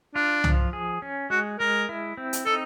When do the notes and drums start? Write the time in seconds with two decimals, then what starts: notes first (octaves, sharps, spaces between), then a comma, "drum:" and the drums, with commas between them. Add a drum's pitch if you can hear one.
0.15 D4 F4
0.44 F3, drum: tom C2
0.73 G#4
1.02 C#4
1.30 G#3 F#4
1.60 G#3 A#4
1.89 E4
2.17 C4
2.33 drum: hi-hat
2.46 D#4 A4